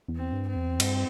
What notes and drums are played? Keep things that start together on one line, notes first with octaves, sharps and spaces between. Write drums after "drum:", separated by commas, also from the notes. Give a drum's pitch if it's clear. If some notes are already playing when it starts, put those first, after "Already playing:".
E2
C4
G2
C4
E2
G2, drum: cymbal